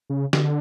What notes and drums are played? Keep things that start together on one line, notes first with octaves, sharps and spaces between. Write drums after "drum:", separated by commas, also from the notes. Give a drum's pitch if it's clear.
C#3
D3, drum: snare